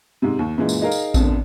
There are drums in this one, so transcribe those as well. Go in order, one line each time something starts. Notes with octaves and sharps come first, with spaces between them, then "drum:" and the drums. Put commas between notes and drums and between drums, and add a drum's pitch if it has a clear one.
G#2 C3
D#2
F#2 A#2 E3 G#3
drum: tambourine
D#4 G#4 A#4 F5
drum: tambourine
G#1 F2 B2 D3, drum: kick A1, tambourine